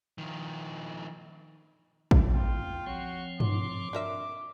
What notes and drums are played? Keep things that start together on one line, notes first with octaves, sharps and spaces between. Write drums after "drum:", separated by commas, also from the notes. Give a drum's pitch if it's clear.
D#3 F3
drum: kick A1
F2 F4 G5
F3 C4 F#4 C#5
C6 D6, drum: tom G2
D4 A#4 E5